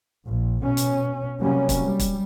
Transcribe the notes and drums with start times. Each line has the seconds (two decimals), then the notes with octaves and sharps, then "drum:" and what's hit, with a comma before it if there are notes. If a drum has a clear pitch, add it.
0.24 A#1
0.62 B2 C#4
0.77 drum: hi-hat
1.41 C3 F#3 G3 A#3 C#4
1.69 drum: kick, hi-hat
1.84 G3
1.99 drum: kick, hi-hat